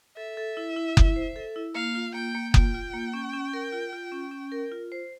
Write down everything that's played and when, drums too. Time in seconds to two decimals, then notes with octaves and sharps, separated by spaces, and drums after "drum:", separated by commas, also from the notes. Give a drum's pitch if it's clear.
0.17 A4 E5
0.37 A4
0.57 E4
0.76 E4
0.97 E4, drum: kick F#1
1.16 C5
1.36 A4
1.56 E4
1.75 A#3 F5
1.95 F4
2.14 A#3 G5
2.35 A#3
2.54 F4 G5, drum: kick F#1
2.74 F4
2.94 A#3
3.14 C#4
3.33 C#4
3.53 A#4
3.72 F4
3.93 F4
4.12 C#4
4.32 C#4
4.52 A#4
4.72 F4
4.92 C5